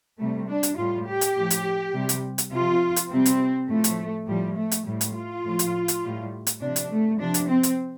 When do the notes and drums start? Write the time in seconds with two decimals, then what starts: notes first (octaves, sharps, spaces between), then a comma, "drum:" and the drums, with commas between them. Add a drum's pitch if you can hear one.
0.19 C3 G3 A3
0.49 D4
0.63 drum: hi-hat
0.77 A2 G3 F4
1.07 G4
1.21 drum: hi-hat
1.36 A2 F3
1.50 drum: hi-hat
1.94 C3 G3
2.09 drum: hi-hat
2.38 drum: hi-hat
2.52 C3 F3 F4
2.96 drum: hi-hat
3.10 C3 G3 C4
3.26 drum: hi-hat
3.69 A2 F3 A3
3.84 drum: hi-hat
4.28 A2 F3 G3
4.57 A3
4.71 drum: hi-hat
4.86 A2 G3
5.01 drum: hi-hat
5.15 F4
5.45 A2 F3
5.59 drum: hi-hat
5.88 drum: hi-hat
6.03 A2 G3
6.47 drum: hi-hat
6.61 C3 F3 D4
6.76 drum: hi-hat
6.90 A3
7.19 C3 F3 D4
7.34 drum: hi-hat
7.49 C4
7.63 drum: hi-hat